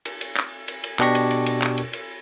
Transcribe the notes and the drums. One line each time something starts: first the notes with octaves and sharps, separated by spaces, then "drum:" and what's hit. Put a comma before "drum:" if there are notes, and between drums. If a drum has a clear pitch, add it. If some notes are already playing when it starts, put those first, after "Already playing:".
drum: cymbal
drum: cymbal
drum: clap
drum: cymbal
drum: cymbal
B2 D4 G4 C#6 A#6, drum: clap
drum: cymbal
drum: cymbal
drum: cymbal
drum: clap
drum: cymbal
drum: cymbal